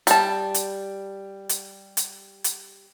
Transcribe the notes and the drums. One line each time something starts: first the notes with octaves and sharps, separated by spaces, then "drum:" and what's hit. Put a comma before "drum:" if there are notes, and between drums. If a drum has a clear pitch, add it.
G3 A5, drum: hi-hat
drum: hi-hat
drum: hi-hat
drum: hi-hat
drum: hi-hat